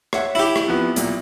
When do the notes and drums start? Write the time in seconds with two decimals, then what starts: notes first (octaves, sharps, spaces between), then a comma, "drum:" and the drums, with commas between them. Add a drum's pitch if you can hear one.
0.13 C#5 E5 F#5, drum: rim click
0.35 E4 G4
0.56 drum: rim click
0.67 C3 F3 B3
0.96 B1 A#2, drum: hi-hat